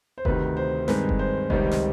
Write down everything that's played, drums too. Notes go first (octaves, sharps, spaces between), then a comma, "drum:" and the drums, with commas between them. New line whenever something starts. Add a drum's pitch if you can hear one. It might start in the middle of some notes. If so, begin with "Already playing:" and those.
C5
D2 C3 D#3 B4, drum: kick F#1
C5
G2 D#3 G#3 C4 B4, drum: snare
drum: kick F#1
C5
C#2 C3 D#3 G3 C5, drum: kick F#1
drum: snare